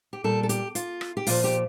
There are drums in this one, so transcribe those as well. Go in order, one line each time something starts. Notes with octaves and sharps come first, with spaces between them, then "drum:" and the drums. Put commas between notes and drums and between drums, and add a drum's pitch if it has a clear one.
G4
A#2 G3 A4
A4
G4, drum: hi-hat
F4, drum: hi-hat
drum: rim click
G4
A#2 F3 F4, drum: open hi-hat
G4